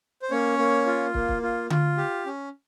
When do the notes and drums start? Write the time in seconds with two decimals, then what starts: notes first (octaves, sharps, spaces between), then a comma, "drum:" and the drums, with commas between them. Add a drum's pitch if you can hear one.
0.22 C5
0.31 A#3 C#4 C#5
0.59 A#3
0.86 F4
1.14 A#3, drum: kick
1.28 drum: kick
1.42 F4
1.70 F4, drum: tom D3
1.98 G4
2.26 C#4